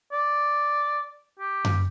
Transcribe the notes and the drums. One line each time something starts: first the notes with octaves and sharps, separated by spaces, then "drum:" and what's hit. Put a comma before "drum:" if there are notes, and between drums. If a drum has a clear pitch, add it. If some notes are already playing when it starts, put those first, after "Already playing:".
D5
G4
drum: tom F#2